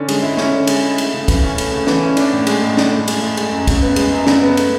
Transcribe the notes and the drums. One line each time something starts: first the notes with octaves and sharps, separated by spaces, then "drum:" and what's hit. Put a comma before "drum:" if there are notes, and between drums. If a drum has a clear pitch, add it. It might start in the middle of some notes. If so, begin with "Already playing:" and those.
Already playing: D3 C#4
G#3, drum: cymbal
E4
C#4, drum: snare
D3
G#3, drum: cymbal
E4
A3, drum: cymbal
C#3
E3, drum: kick, cymbal
C#4
A3, drum: cymbal
C#3
E3, drum: snare
C#4
D4, drum: cymbal
A2
G#3, drum: cymbal
A2
D4, drum: snare
A2
G#3, drum: cymbal
A2
G#3, drum: cymbal
F#2
C#3, drum: kick, cymbal
B3
G#3, drum: cymbal
F#2
C#3, drum: snare
B3
A3, drum: cymbal